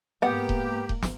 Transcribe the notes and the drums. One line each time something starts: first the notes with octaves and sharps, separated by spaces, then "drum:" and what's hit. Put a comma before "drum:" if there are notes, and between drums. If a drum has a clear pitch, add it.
G#2 A#3 B3 G4 F#5
drum: kick D#1
drum: kick D#1
drum: snare